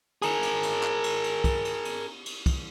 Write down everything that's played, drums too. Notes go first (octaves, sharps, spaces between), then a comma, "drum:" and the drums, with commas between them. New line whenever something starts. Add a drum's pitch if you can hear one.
G#4 A#4, drum: cymbal
drum: cymbal
drum: cymbal
drum: clap
drum: cymbal
drum: cymbal
drum: kick, cymbal
drum: cymbal
drum: cymbal
drum: cymbal
drum: kick, cymbal